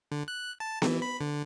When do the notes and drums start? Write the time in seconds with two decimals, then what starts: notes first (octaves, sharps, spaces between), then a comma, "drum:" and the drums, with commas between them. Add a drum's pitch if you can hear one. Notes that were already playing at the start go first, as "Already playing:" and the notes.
0.12 D3
0.28 F#6
0.60 A5
0.82 E3, drum: snare B3
1.02 B5
1.21 D3